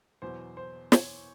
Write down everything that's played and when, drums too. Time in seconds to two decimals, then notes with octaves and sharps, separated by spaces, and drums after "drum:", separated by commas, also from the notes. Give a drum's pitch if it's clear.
0.22 E2 B2 F#3 C5
0.57 C5
0.92 C#5, drum: snare